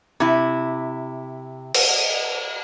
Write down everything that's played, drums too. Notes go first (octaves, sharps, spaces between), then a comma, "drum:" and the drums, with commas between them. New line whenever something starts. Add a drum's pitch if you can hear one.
C3 E4
drum: cymbal